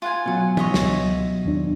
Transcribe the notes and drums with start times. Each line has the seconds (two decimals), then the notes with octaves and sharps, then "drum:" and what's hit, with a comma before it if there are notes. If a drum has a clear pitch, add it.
0.02 F4 F#5 G#5
0.26 B2 F#3
0.57 C#5 D#5 E5, drum: tom
0.74 C#2, drum: snare
1.45 D#2 D4